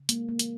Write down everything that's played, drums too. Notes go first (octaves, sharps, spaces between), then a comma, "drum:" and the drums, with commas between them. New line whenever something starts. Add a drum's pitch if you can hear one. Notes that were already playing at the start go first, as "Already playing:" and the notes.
Already playing: C#3
G#3 A#3, drum: hi-hat
A#3
E3, drum: hi-hat